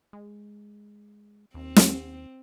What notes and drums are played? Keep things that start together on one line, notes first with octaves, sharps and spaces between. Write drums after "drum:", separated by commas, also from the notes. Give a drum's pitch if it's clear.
G#3
D#2 C4
drum: snare